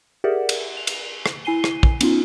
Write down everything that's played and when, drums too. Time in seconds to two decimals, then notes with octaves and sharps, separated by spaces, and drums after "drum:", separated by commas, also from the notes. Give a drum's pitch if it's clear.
0.24 G4 G#4 A#4 D5 E5 F#5
0.49 drum: cymbal
0.77 F7
0.87 drum: cymbal
1.26 drum: rim click
1.45 E4 G#5 C7 D#7 G7
1.64 drum: rim click
1.83 drum: kick
2.01 B3 C#4 D#4 F4, drum: cymbal